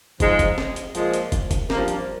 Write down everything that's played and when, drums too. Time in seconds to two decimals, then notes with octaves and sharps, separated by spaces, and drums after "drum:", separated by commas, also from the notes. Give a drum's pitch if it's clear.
0.20 G#2 F3 G#3, drum: kick, hi-hat
0.39 drum: kick, hi-hat
0.58 drum: snare
0.76 drum: hi-hat
0.95 A#2 F3 G#3, drum: hi-hat
1.13 drum: hi-hat
1.32 drum: kick, hi-hat
1.51 drum: kick, hi-hat
1.70 G2 F3 A#3, drum: snare
1.88 drum: hi-hat